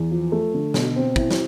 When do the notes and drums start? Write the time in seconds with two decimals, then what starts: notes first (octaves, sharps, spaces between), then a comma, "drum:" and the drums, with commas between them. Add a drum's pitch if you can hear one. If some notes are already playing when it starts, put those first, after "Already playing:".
Already playing: E2
0.11 F3
0.32 A3
0.54 D3
0.74 B2, drum: snare
0.96 C4
1.16 E4, drum: kick
1.31 drum: snare